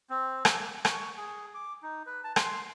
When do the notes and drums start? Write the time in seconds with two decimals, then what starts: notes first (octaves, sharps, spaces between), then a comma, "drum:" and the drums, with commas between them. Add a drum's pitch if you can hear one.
0.10 C4
0.45 A#3, drum: rim click
0.85 C#6, drum: rim click
1.17 G#4
1.54 D6
1.82 D#4
2.06 B4
2.24 A5
2.36 C6, drum: rim click